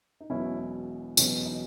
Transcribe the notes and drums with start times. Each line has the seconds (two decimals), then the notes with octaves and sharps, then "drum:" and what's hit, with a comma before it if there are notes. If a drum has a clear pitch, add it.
0.21 D#4
0.30 E1 E2 B2 F#3 B3 C#4 E4
1.17 E1 E2 B2 F#3 B3 C#4, drum: tambourine
1.46 D#4